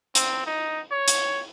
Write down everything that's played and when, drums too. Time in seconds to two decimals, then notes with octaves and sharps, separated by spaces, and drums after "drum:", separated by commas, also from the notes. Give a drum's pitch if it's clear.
0.15 C4, drum: hi-hat
0.47 D#4
0.92 C#5
1.08 drum: hi-hat